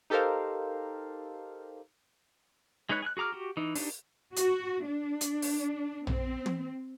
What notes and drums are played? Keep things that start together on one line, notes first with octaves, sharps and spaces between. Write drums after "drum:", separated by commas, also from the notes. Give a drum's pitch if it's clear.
D#4 G4 A4 A#4 C5 F5
G#3 D#4 B4 C#5 F#6
G#4 F#6
F#4 G#4 A#5 D6 F6
F#4 G4
E3 D#4
D4 D#4 G4, drum: open hi-hat
F#4, drum: hi-hat
D4
drum: hi-hat
drum: open hi-hat
C4, drum: tom A#1
drum: tom